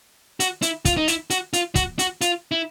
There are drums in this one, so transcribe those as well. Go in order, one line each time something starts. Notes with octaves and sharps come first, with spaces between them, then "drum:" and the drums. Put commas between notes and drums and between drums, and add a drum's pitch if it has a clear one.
F#4, drum: hi-hat
E4, drum: hi-hat
F4, drum: kick, hi-hat
D#4
E4, drum: hi-hat
F#4, drum: hi-hat
F4, drum: hi-hat
F#4, drum: kick, hi-hat
F#4, drum: hi-hat
F4, drum: hi-hat
E4